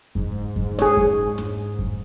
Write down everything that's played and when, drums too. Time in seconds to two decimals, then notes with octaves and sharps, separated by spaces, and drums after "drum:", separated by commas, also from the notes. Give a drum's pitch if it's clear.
0.15 G#2, drum: kick F2
0.56 drum: kick F2
0.79 G#4 C#5, drum: snare
0.97 drum: kick F2
1.38 drum: snare
1.79 drum: kick F2